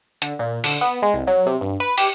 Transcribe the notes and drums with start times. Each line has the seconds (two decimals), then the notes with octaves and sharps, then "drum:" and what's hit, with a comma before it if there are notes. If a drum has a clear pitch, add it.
0.22 D3, drum: hi-hat
0.39 A#2
0.64 D3, drum: open hi-hat
0.81 B3
1.03 G#3
1.14 C2
1.27 F#3
1.46 C3
1.61 G2
1.80 B4
1.98 G4, drum: open hi-hat